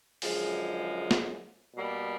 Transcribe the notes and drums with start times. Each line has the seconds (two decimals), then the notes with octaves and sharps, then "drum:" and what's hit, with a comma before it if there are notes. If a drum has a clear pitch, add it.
0.22 F#2 D3 F3 G#3, drum: open hi-hat
1.11 drum: snare
1.74 B2 G3 A#3